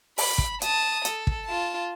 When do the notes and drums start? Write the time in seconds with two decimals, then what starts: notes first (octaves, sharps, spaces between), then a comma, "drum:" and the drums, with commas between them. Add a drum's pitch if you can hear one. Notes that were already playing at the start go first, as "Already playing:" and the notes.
0.18 B5, drum: open hi-hat
0.38 drum: kick
0.62 A5 D#6, drum: hi-hat
1.05 A4, drum: hi-hat
1.27 drum: kick
1.46 F4 A5